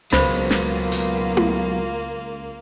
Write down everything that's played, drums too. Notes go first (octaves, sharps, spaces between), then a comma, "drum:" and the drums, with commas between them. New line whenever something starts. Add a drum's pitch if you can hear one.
C#2 F#3 A#3 B3 F4 C5 B5, drum: snare
drum: snare
drum: open hi-hat
drum: tom E4